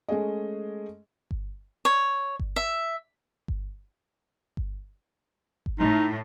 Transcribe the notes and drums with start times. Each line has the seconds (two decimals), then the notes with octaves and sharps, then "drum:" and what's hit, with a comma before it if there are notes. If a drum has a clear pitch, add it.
0.09 G#3 A3 C#4 G#4 D#5
1.31 drum: kick G1
1.85 C#5
2.39 drum: kick G1
2.56 E5
3.48 drum: kick G1
4.57 drum: kick G1
5.66 drum: kick G1
5.80 A2 D#4